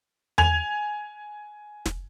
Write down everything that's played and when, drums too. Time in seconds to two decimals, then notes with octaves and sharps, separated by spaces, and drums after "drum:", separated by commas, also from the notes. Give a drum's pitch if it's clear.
0.38 G#5 G#6 F7, drum: tom E2
1.86 drum: snare